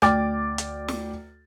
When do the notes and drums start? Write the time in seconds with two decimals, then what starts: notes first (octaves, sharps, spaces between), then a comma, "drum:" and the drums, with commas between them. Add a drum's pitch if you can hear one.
0.02 D2 D5 G5 D6 F6 A6, drum: rim click
0.58 drum: hi-hat
0.88 drum: snare